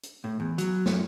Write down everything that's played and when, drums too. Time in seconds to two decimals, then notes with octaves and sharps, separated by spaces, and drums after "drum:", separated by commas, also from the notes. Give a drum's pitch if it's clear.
0.03 drum: hi-hat
0.24 A2
0.40 E2
0.58 F#3, drum: hi-hat
0.86 F#2, drum: snare